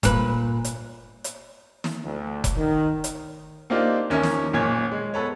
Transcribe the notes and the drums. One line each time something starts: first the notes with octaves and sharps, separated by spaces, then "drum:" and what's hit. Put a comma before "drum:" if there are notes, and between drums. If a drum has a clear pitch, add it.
A#2 B4, drum: kick F1, hi-hat
drum: hi-hat
drum: hi-hat
drum: snare
D2
drum: kick F1, hi-hat
D#3
drum: hi-hat
A#3 C4 D4 D#4 F4 G4
D#2 C#4 A#4 E5 G#5
drum: snare
F#1 A#2 C#5 G#5 G#6
G#3
B3 A4 B4 C#5